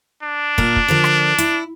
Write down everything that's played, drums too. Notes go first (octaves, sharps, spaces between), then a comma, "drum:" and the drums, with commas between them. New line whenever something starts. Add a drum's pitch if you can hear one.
D4
A#2 A#4, drum: kick
drum: kick
D3 F3 A#4
drum: rim click
E4, drum: hi-hat